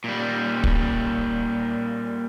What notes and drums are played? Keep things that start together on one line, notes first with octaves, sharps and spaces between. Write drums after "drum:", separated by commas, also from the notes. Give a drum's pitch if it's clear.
A#2 G3
drum: kick